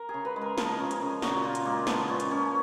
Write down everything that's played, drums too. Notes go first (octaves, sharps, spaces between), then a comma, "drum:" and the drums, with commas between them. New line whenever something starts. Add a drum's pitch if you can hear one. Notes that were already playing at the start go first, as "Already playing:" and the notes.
Already playing: A#4
G#4
C#3
B4
G#3
A#4
F3 A#4, drum: snare
C#3
G#4, drum: hi-hat
C#3
A#2 F#4, drum: snare
A#2 F4
drum: hi-hat
G#3 A#3
F3 B3, drum: snare
A#2 C#4
drum: hi-hat
A#2 C#4